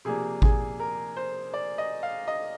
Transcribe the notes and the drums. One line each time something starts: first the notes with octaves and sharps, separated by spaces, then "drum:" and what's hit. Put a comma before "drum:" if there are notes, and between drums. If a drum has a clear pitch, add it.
C3 F3 A#3 D4 G#4
G#4, drum: kick G#1
A#4
C5
D5
D#5
F5
D#5